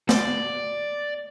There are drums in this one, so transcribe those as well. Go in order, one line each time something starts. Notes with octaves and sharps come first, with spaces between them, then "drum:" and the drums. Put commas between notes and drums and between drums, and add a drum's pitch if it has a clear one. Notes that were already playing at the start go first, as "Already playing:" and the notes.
D5, drum: snare